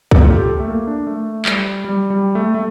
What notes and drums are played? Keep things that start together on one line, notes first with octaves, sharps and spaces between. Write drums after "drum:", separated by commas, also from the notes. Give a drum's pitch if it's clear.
A4, drum: kick
F4
G4
A4
A3
A#3
D4
A3
G3, drum: clap
G3
G3
A3
A3